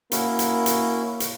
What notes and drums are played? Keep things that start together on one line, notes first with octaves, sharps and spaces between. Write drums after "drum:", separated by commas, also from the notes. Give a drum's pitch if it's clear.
A#3 C#4 E4 F#4, drum: hi-hat
drum: hi-hat
drum: hi-hat
drum: hi-hat